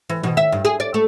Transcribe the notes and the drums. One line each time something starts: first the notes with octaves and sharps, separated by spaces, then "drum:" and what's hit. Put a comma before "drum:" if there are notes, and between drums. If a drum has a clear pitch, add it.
E3
B2, drum: tom D#3
E5
G2
G#4
D5
A3